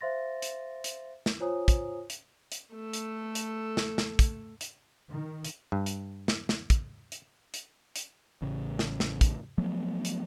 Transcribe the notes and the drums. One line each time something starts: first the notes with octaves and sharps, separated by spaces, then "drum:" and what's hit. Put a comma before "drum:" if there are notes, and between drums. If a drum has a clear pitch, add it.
C5 E5 F5 C6 A6 A#6
drum: hi-hat
drum: hi-hat
drum: snare
F4 C5 C#5 G#5 A#5 D#6
drum: kick, hi-hat
drum: hi-hat
drum: hi-hat
A3 A4
drum: hi-hat
drum: hi-hat
drum: snare
drum: snare
drum: kick, hi-hat
drum: hi-hat
D#3
drum: hi-hat
G2
drum: hi-hat
drum: snare
drum: snare
drum: kick, hi-hat
drum: hi-hat
drum: hi-hat
drum: hi-hat
A1 C#3
drum: snare
drum: snare
drum: kick, hi-hat
F3 F#3 A3 B3
drum: hi-hat